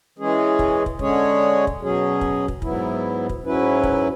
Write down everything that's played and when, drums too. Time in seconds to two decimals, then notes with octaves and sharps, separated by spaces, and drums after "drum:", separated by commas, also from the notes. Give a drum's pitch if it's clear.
0.19 E3 G#3 C#4 G#4
0.59 drum: kick
0.86 drum: kick
0.99 D3 G#3 C#4 G#4 C#5, drum: kick
1.67 drum: kick
1.80 B2 F#3 C#4 G#4
2.21 drum: kick
2.48 drum: kick
2.62 G#2 F#3 B3 E4, drum: kick
3.29 drum: kick
3.42 G#2 F#3 C#4 E4 B4
3.83 drum: kick